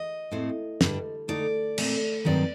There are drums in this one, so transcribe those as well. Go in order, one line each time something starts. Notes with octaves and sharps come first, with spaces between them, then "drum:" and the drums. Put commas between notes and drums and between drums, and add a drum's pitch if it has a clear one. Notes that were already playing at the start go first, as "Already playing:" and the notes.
Already playing: D#5
A2 A3 C4
G2 D3 G3 D4, drum: snare
D3 A3 D#4 D5
A#2 A3 C4, drum: cymbal
G2 D#3 F#3 C4 D#4 D5